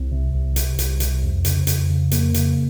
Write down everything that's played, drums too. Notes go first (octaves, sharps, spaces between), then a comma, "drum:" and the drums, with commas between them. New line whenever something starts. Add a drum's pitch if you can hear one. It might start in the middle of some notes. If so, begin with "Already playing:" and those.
Already playing: C2 C4
C3
C2
C3, drum: hi-hat
C2, drum: hi-hat
C3, drum: hi-hat
F2
C#3, drum: hi-hat
F2, drum: hi-hat
C#3
F2 A#3, drum: hi-hat
C#3, drum: hi-hat